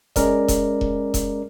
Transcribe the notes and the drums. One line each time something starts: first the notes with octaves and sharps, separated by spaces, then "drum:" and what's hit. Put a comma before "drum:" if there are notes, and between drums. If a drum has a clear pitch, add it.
G#3 C#4 A#4 D5, drum: kick E1, hi-hat
drum: kick E1, hi-hat
drum: kick E1
drum: kick E1, hi-hat